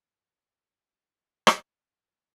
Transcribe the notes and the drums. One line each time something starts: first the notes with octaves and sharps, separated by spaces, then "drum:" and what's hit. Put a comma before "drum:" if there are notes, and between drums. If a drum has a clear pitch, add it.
G2 F3 A3 A6
G2 F3 A3
drum: rim click
G2 F3 A3 A6
A#6